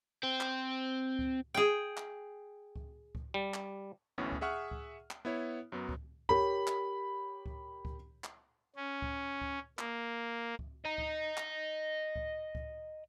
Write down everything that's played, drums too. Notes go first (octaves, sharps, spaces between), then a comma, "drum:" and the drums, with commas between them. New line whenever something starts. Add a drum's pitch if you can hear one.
C4
drum: clap
drum: kick C#2
G#4 G5
drum: clap
drum: kick C#2
drum: kick C#2
G3
drum: clap
A1 D2 A2 B3 C#4
drum: kick C#2
G#4 E5 F#5 C#6 F6
drum: kick C#2
drum: clap
B3 E4 C#5
F#2 F#3 B3
drum: kick C#2
G4 A#4 C#5 B5, drum: kick C#2
drum: clap
drum: kick C#2
drum: kick C#2
drum: clap
C#4
drum: kick C#2
drum: kick C#2
A#3, drum: clap
drum: kick C#2
D#5 A#5
drum: kick C#2
drum: clap
drum: kick C#2
drum: kick C#2